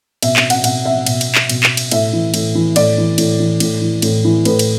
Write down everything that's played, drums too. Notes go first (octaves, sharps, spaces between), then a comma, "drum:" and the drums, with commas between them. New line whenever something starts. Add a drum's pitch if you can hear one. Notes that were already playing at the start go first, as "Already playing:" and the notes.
B2 E5, drum: cymbal
E5, drum: clap
F#5, drum: cymbal
B2 F#5, drum: cymbal
E5
B2, drum: cymbal
drum: cymbal
drum: clap
B2, drum: cymbal
drum: clap
drum: cymbal
A2 E5, drum: cymbal
E3
A2, drum: cymbal
E3
A2 D5, drum: cymbal
E3
A2, drum: cymbal
E3
A2, drum: cymbal
E3
A2, drum: cymbal
E3
A2 B4, drum: cymbal
drum: cymbal